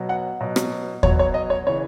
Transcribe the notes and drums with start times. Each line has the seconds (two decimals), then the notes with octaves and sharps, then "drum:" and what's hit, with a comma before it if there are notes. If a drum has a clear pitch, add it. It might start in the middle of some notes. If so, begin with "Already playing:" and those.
Already playing: B2 F#3
0.09 F#5
0.41 B2 F#3
0.56 drum: rim click
1.03 B2 F#3 C#5, drum: kick D#2
1.19 C#5
1.34 D#5
1.50 C#5
1.67 C#3 E3 C#5